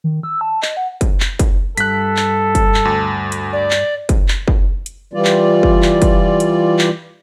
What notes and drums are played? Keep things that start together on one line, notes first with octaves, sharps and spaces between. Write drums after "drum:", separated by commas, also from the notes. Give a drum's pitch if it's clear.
D#3
E6
A5
D#5, drum: clap
F#5
drum: kick, hi-hat
drum: clap
drum: kick, hi-hat
G2 A4 F#6 B6, drum: hi-hat
drum: clap
drum: kick, hi-hat
drum: clap
D2
drum: hi-hat
D5
drum: clap
drum: kick, hi-hat
drum: clap
drum: kick
drum: hi-hat
E3 G3 F4 D5
drum: clap
drum: kick
drum: clap
drum: kick, hi-hat
drum: hi-hat
drum: clap